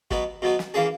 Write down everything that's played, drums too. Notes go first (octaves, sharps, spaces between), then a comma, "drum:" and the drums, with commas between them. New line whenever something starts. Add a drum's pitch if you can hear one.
B2 F#3 B3 F#4, drum: kick
B2 F#3 B3 F#4
drum: snare
E3 A#3 C#4 G#4